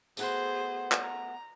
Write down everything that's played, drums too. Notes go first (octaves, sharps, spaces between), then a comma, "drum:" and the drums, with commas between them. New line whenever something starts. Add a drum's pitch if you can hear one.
A3 B3 F#4 G#4 C5, drum: tambourine
drum: clap
A#5